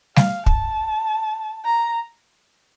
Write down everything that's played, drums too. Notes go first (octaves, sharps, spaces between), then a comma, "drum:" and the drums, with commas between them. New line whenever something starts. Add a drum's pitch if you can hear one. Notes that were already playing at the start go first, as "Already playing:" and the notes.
F5, drum: snare G3
A5, drum: kick
A#5